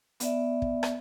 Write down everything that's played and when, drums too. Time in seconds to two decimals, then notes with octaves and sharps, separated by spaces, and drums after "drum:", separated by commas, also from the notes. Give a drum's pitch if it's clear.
0.20 B3 D5 E5, drum: hi-hat
0.62 drum: kick
0.83 drum: rim click